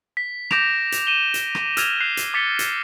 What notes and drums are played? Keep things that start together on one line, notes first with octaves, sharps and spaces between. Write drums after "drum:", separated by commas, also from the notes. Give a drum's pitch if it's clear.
B6
D6 G6 A#6 D7 E7 F7, drum: rim click
drum: hi-hat
D#7 E7 G7
drum: hi-hat
drum: rim click
E6 F6 G#6 D#7 F7, drum: hi-hat
F#6 C7 D#7 F7
drum: hi-hat
D6 A6 B6 C#7 F7 G7
drum: hi-hat